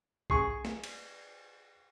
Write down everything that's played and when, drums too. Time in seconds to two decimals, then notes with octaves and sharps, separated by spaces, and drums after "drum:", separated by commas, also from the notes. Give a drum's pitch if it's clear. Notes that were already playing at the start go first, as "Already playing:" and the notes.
0.30 G#4 C#6, drum: kick B1
0.65 drum: snare
0.84 drum: cymbal